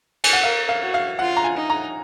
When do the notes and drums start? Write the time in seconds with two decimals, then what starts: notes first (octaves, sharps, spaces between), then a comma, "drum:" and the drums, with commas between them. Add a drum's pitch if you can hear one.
0.24 G#5, drum: cymbal
0.33 F#5
0.43 A#4 F5
0.69 F5
0.82 F#4
0.94 F5
1.19 F4 F#5
1.37 A#5
1.44 G#5
1.57 D#4
1.70 A#5